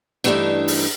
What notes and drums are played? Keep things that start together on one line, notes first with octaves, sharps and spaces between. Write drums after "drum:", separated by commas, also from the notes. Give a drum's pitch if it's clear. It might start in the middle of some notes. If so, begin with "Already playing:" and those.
G2 E3 A3 B3 D4 D#4, drum: cymbal
drum: open hi-hat